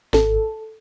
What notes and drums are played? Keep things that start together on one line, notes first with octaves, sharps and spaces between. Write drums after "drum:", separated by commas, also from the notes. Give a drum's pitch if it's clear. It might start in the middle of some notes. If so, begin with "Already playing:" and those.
G#1 A4, drum: snare